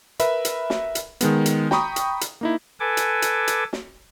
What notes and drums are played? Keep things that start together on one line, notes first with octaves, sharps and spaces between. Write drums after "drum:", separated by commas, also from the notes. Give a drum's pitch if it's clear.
A#4 B4 E5 B5, drum: hi-hat
drum: hi-hat
drum: snare
drum: hi-hat
D#3 G#3 B3, drum: hi-hat
drum: hi-hat
G5 A#5 B5 C#6 D#6, drum: snare
drum: hi-hat
drum: hi-hat
A#3 D#4 E4
A4 B4 G#5 D6
drum: hi-hat
drum: hi-hat
drum: hi-hat
drum: snare